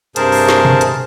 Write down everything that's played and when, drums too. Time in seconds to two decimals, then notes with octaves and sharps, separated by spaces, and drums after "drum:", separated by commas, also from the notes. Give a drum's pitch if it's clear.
0.16 G2 C3 G#4 A#4 C5 A5, drum: hi-hat
0.32 drum: open hi-hat
0.48 drum: snare
0.65 drum: tom B2
0.81 drum: hi-hat